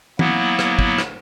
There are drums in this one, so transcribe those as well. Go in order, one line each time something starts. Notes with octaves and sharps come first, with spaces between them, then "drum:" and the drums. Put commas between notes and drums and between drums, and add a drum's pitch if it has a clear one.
F#3 A#3 B3 E4, drum: tom
drum: rim click
drum: kick
drum: rim click